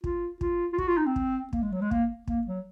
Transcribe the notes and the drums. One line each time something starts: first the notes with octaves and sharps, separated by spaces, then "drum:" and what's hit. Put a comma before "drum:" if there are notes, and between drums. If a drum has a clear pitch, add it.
F4, drum: kick
F4, drum: kick
F4
F#4, drum: kick
F4
D#4
C4
drum: kick
A#3, drum: kick
G#3
F#3
G#3
A#3, drum: kick
A#3, drum: kick
F#3